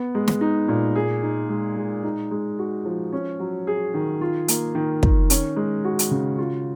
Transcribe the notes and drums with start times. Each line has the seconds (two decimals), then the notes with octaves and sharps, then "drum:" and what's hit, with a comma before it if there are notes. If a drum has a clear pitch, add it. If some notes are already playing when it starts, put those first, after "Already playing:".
Already playing: B3
0.15 G#3
0.28 drum: snare
0.41 D#4
0.68 A#2
0.95 G#4
1.23 D#4
1.49 G#3
1.76 G#3
2.04 D#4
2.31 G#3
2.59 F#4
2.85 F3
3.13 C#4
3.39 F#3
3.67 G#4
3.94 D#3
4.21 F4
4.48 A#3, drum: hi-hat
4.75 D#3
5.03 D#3, drum: kick
5.30 C#4, drum: hi-hat
5.56 G#3
5.84 F#4
5.99 drum: hi-hat
6.11 C#3
6.38 F4